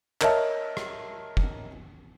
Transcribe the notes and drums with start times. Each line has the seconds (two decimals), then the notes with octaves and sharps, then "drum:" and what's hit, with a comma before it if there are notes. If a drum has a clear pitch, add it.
0.21 A#4 C#5 D#5 E5 A5, drum: clap
0.77 drum: rim click
1.37 drum: kick